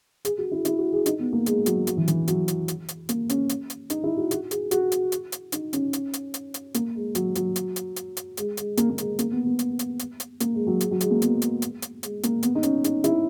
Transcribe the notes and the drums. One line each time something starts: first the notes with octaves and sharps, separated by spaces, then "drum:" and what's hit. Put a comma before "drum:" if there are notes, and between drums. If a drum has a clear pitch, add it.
G#4, drum: hi-hat
F#4
E4
E4, drum: hi-hat
F#4
G#4
D#4, drum: hi-hat
B3
A#3
G#3, drum: hi-hat
F#3, drum: hi-hat
F#3, drum: hi-hat
E3
E3, drum: hi-hat
F#3, drum: hi-hat
drum: hi-hat
drum: hi-hat
drum: hi-hat
A#3, drum: hi-hat
C#4, drum: hi-hat
drum: hi-hat
drum: hi-hat
D#4, drum: hi-hat
E4
F#4
F#4, drum: hi-hat
G#4, drum: hi-hat
F#4, drum: hi-hat
drum: hi-hat
drum: hi-hat
drum: hi-hat
D#4, drum: hi-hat
C#4, drum: hi-hat
drum: hi-hat
drum: hi-hat
drum: hi-hat
drum: hi-hat
A#3, drum: hi-hat
G#3
F#3, drum: hi-hat
F#3, drum: hi-hat
drum: hi-hat
drum: hi-hat
drum: hi-hat
drum: hi-hat
G#3, drum: hi-hat
G#3, drum: hi-hat
A#3, drum: hi-hat
A#3
G#3, drum: hi-hat
A#3, drum: hi-hat
B3
B3
drum: hi-hat
drum: hi-hat
drum: hi-hat
drum: hi-hat
A#3, drum: hi-hat
G#3
F#3
G#3, drum: hi-hat
F#3
G#3, drum: hi-hat
A#3
B3, drum: hi-hat
drum: hi-hat
drum: hi-hat
drum: hi-hat
G#3, drum: hi-hat
A#3, drum: hi-hat
B3, drum: hi-hat
D#4
C#4, drum: hi-hat
D#4, drum: hi-hat
E4, drum: hi-hat